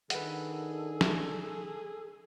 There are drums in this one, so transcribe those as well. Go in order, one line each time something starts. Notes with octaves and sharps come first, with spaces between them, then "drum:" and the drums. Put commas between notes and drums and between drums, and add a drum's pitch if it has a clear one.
D#3 D4 G#4 A4 B4 F#5, drum: hi-hat
drum: snare